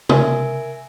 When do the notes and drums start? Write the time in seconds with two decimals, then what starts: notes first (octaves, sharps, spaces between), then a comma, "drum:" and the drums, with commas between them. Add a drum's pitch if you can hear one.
0.09 A#4 E5 G#5, drum: tom